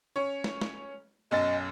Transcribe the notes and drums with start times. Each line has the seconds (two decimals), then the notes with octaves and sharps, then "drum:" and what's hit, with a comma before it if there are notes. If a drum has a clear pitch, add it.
0.16 C#4 C#5
0.44 drum: snare
0.61 drum: snare
1.31 B1 F#2 D#5 A6